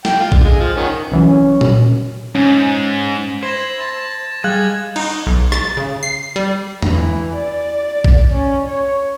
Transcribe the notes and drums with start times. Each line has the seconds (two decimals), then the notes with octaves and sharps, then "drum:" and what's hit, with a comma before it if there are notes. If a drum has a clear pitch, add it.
0.05 G5, drum: snare
0.20 F4
0.32 D3, drum: kick A#1
0.44 G#3
0.60 F3
0.77 D#3 C#4 F#5
1.12 C2 E3 F#3 C#4
1.61 drum: tom A#2
2.35 G#2 C#4
3.43 E4 C5 G#6 A#6 E7
3.81 A5
4.44 G3 G#4 D#5 F5 G#5 F#6 G#6
4.96 D#4, drum: cymbal
5.27 B1
5.52 A6, drum: rim click
5.77 C#3
6.03 C7
6.36 G3
6.82 E3, drum: tom E2
7.36 D5
8.04 drum: kick A#1
8.31 C#4
8.68 C#5